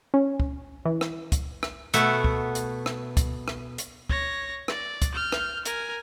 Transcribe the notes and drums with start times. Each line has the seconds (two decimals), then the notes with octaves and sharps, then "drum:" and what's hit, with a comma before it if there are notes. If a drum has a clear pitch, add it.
0.14 C#4
0.40 drum: kick
0.85 E3
1.01 drum: rim click
1.32 drum: kick, hi-hat
1.63 drum: rim click
1.94 B2 A3 E5 F#5, drum: hi-hat
2.24 drum: kick
2.55 drum: hi-hat
2.86 drum: rim click
3.17 drum: kick, hi-hat
3.48 drum: rim click
3.78 drum: hi-hat
4.10 C#5 A#6, drum: kick
4.68 D5, drum: rim click
5.02 drum: kick, hi-hat
5.14 F6 G6
5.32 drum: rim click
5.65 A#4 G#5, drum: hi-hat